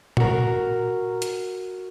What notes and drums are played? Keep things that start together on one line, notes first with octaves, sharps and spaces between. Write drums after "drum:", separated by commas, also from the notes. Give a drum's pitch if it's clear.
F#4 A#4, drum: tom A#2
drum: hi-hat